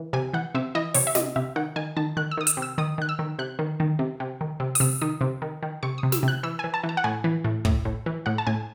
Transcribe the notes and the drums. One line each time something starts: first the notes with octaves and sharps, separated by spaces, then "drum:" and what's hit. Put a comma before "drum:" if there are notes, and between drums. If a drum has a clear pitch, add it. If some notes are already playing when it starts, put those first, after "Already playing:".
Already playing: E3
C3 G#5
E3 F#5
C3 E5
E3 D#5
C3 C#5, drum: open hi-hat
E5
C3 D#5, drum: snare
C3 E5
D#3 F#5
D#3 G#5
D#3 A5
D#3 F#6
E6
D#3 D#6
E6, drum: hi-hat
C3
E6
D#3 D#6
D#3 F#6
E6
D#3
C3 F#6
D#3
D#3
C3
C3
D#3
C3
D#6, drum: open hi-hat
C3 E6
D#3 D#6
C3
D#3
D#3
C3 C#6
D#6
C3
E6, drum: snare
C3 F#6
E3 E6
E3 G#5
A5
E3
A5
F#5
A2 G#5
E3
A2
A2, drum: kick
A2
E3
A2 F#5
A5
A2 G#5